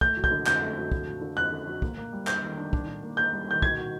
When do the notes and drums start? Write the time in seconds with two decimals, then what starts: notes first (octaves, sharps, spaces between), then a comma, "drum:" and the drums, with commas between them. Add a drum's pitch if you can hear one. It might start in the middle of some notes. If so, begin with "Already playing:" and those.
0.01 A3 G6, drum: kick
0.17 F#3
0.24 G6, drum: kick
0.32 D3
0.46 F2 G6, drum: clap
0.61 A3
0.77 F#3
0.92 F#3, drum: kick
1.07 F#3
1.21 D3
1.37 F2 F#6
1.52 D3
1.67 F#3
1.82 A#3, drum: kick
1.97 A#3
2.13 G3
2.27 D4 G6, drum: clap
2.42 D#3
2.57 D4
2.73 D4, drum: kick
2.87 D4
3.03 A#3
3.17 A#3 G6
3.33 G3
3.48 D#3 G6
3.62 B2 G#6, drum: kick
3.78 F#4